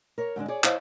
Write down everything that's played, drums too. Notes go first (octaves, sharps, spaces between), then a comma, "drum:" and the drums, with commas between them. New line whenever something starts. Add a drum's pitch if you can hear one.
A#4 C#5
G#2 D3 G#3 D4
G#4 C#5 D5
E4 C5 C#5 D#5 F5 F#5, drum: clap